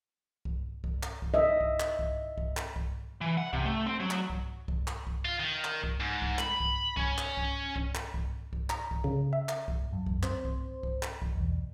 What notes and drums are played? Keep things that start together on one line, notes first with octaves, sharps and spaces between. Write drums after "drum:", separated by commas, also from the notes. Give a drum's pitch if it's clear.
drum: kick C2
drum: kick C2
drum: clap
drum: kick C2
D#5 E5
drum: kick C2
drum: clap
drum: kick C2
drum: kick C2
drum: clap
drum: kick C2
E3
F#5
C3, drum: kick C2
A3
C4
F#3
drum: clap
drum: kick C2
drum: kick C2
drum: clap
drum: kick C2
F4
D#3
drum: clap
drum: kick C2
G#2
drum: kick C2
B5, drum: clap
drum: kick C2
C#4, drum: kick C2
drum: clap
drum: kick C2
drum: kick C2
drum: clap
drum: kick C2
drum: kick C2
A#5, drum: clap
drum: kick C2
C#3
E5
drum: clap
drum: kick C2
F#2
drum: kick C2
C4 C5, drum: clap
drum: kick C2
drum: kick C2
drum: clap
drum: kick C2
B1 E2